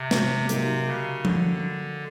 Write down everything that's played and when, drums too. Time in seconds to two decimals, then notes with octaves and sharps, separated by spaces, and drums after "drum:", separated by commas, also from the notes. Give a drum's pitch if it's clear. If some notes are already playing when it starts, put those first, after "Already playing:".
Already playing: C3
0.11 drum: snare
0.49 C3 F#3 A#3 D#4 G4, drum: hi-hat
0.87 C#3
1.25 D3, drum: tom F3